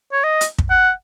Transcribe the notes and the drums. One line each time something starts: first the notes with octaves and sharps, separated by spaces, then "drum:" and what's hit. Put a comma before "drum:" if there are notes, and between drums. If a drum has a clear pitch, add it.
C#5
D#5
drum: hi-hat
drum: kick
F#5